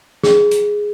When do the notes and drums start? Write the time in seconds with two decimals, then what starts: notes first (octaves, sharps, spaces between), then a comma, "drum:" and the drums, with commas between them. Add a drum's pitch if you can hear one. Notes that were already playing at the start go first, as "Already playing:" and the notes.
0.24 G#4, drum: snare
0.51 drum: hi-hat